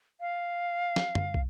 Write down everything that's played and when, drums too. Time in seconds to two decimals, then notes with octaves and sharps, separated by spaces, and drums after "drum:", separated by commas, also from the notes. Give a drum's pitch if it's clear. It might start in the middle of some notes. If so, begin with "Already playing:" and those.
0.20 F5
0.96 drum: snare
1.15 drum: tom F#2
1.34 drum: kick